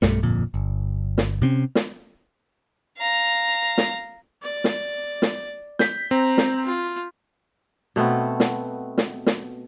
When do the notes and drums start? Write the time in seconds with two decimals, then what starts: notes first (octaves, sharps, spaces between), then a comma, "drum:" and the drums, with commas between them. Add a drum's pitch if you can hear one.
0.02 B1 G2 A3, drum: snare
0.23 D1 G1 F2 A#2
0.54 G1
1.18 drum: snare
1.42 C3 C4 C#4
1.75 drum: snare
2.98 F5 A#5
3.78 drum: snare
4.43 D5
4.64 drum: snare
5.22 drum: snare
5.79 G6 B6, drum: snare
6.11 C4 A#5
6.38 drum: snare
6.66 F4
7.96 B2 A3 B3 C4
8.40 drum: snare
8.98 drum: snare
9.27 drum: snare